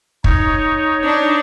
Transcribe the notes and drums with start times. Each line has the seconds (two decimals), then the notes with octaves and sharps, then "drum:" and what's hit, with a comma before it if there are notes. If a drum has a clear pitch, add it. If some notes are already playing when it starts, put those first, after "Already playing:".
0.24 D#4 C#5, drum: kick
1.03 D4